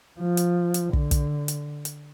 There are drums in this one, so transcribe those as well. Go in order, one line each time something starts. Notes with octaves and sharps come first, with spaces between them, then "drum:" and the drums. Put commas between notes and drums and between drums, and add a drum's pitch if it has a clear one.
F3
drum: hi-hat
drum: hi-hat
D3, drum: kick
drum: kick, hi-hat
drum: hi-hat
drum: hi-hat